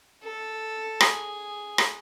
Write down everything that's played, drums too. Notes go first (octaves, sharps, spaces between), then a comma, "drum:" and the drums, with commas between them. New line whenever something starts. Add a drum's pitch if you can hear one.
A4
G#4, drum: rim click
drum: rim click